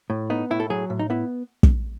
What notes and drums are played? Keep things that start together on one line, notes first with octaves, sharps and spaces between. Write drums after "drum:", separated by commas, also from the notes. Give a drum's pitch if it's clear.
A2
B3 D#4
A2 E4
A4
F#3 G#4
A2
D#4
B3 E4
drum: kick